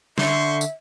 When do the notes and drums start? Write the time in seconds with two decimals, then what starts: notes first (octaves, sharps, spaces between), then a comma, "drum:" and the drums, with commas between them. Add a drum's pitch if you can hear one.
0.18 D3 C5 E5 C6 C#6, drum: snare
0.61 drum: tambourine